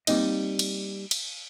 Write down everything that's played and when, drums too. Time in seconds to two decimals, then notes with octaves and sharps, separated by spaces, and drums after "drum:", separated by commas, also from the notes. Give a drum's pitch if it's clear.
0.07 G3 A#3 C4 D#4 D#5, drum: cymbal
0.59 drum: cymbal
1.11 drum: cymbal